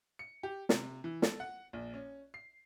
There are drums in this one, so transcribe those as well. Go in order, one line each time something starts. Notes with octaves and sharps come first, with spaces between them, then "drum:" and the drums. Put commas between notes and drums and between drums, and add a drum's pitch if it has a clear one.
C#7
G4
C3, drum: snare
E3
A4, drum: snare
F#5
A#1
C#4
C7